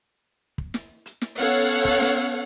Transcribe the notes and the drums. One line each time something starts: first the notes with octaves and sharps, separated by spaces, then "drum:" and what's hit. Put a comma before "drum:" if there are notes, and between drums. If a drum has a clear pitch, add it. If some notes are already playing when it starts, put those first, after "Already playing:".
drum: kick
drum: snare
drum: hi-hat
drum: snare
B3 C#4 A4 C#5 F5 F#5
drum: kick
drum: snare